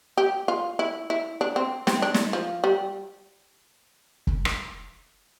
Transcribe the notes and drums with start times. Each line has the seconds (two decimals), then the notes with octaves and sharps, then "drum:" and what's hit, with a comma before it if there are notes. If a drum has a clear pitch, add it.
0.18 G4
0.48 F4
0.79 E4
1.10 E4
1.41 D4
1.56 C4
1.87 C4, drum: snare
2.02 D4
2.14 drum: snare
2.33 F3
2.64 G3
4.27 drum: kick
4.45 drum: rim click